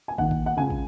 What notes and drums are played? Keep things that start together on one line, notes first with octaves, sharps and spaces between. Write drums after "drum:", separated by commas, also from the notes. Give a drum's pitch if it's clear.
G#5
D#2 D#3 F#5, drum: kick
drum: kick
F#5
C#2 C#3 G#5
drum: kick